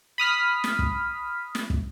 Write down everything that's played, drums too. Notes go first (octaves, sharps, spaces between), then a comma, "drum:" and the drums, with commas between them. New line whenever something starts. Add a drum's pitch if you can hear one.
B5 D#6 F6 B6
drum: snare
drum: kick
drum: snare
drum: kick